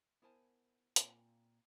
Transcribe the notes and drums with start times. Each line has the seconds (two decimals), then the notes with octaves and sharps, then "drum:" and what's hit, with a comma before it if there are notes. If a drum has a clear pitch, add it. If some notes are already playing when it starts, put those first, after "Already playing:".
0.22 B3 E4 A#4 C5 G#5 A5
0.96 A#2 A#3 C4 F4 G#5, drum: hi-hat